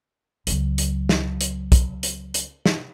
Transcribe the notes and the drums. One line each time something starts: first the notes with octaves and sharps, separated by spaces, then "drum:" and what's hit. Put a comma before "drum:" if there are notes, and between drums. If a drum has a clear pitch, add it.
C#2 F#3, drum: hi-hat
drum: hi-hat
drum: snare
drum: hi-hat
drum: kick, hi-hat
drum: hi-hat
drum: hi-hat
drum: snare